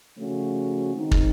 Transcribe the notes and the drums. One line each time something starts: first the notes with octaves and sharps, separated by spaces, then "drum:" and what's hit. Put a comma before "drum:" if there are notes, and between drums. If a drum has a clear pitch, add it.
C#3 F3 A3 C#4 F#4
D#3 G#3 C4 D#4
drum: kick